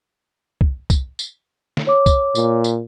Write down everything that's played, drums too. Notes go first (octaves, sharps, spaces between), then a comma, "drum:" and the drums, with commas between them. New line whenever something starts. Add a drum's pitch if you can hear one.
drum: kick
drum: kick, tambourine
drum: tambourine
drum: snare
C#5 D6
drum: kick, tambourine
A#2, drum: tambourine
drum: tambourine